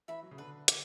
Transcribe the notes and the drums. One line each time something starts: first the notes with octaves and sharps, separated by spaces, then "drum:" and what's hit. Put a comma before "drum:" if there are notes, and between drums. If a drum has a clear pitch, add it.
E3 E5 B5
F#3
C#3
D3 B4
D3 D6, drum: hi-hat